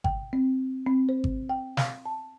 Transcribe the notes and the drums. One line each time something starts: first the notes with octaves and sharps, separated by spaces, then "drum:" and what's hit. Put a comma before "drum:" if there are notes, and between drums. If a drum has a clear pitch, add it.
G5, drum: kick G#1
C4
C4
C5
drum: kick G#1
G5
F5, drum: snare
A5